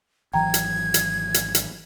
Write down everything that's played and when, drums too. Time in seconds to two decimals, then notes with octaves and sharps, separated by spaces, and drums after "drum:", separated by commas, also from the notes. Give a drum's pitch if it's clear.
0.34 G#1 E3 F#3 G5 A#5 G#6
0.54 drum: hi-hat
0.94 drum: hi-hat
1.34 drum: hi-hat
1.55 drum: hi-hat